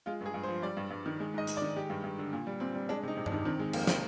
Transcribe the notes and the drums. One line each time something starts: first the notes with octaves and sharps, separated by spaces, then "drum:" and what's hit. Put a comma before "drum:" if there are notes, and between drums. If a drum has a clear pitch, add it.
G#3 F4
G2
G#4
G2
C5
F3
G3 D5
G2
G2
D#3
G#3
G#2 D#5
G#2, drum: hi-hat
D5
D#3
G#3 G4
G2
G2
D3
A#2
G3
A#2 C4
G3
G#3 D4
C3
D#4
C3
D4, drum: tom G2
D#3
D#3 C4
G#3
F2 A#3, drum: cymbal
C3, drum: snare